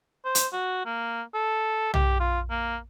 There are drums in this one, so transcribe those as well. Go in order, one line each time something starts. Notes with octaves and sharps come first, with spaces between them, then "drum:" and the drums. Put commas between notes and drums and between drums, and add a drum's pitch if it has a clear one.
C5
drum: hi-hat
F#4
A#3
A4
G4, drum: tom
F4
A#3